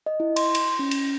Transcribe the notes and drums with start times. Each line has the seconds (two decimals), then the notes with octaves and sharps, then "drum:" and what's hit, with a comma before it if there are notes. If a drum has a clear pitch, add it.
0.06 D#5
0.20 E4
0.36 C6, drum: cymbal
0.55 drum: cymbal
0.79 C#4
0.91 drum: cymbal